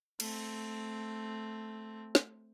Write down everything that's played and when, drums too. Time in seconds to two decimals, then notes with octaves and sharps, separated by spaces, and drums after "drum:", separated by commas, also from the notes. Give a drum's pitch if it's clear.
0.20 A3 C4, drum: cymbal
2.15 drum: snare